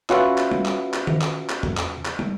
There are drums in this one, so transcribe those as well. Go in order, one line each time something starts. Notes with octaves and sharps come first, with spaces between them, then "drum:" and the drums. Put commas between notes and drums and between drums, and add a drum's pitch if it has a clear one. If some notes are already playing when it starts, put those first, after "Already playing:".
C#4 F4 F#4 B4 E5 F#5, drum: clap
drum: clap
drum: tom
drum: clap
drum: clap
drum: tom D#3
drum: clap
drum: clap
drum: tom E2
drum: clap
drum: clap
drum: tom